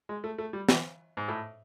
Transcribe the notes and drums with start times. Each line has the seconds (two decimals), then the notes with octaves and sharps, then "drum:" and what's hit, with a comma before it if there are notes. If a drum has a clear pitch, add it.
0.09 G#3
0.24 A3
0.38 A3
0.53 G3
0.69 E3, drum: snare
1.17 G#2
1.28 A2